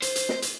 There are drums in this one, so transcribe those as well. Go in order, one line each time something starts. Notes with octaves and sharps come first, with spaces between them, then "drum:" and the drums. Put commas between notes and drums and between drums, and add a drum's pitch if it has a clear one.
C5, drum: hi-hat
drum: hi-hat
drum: snare
drum: hi-hat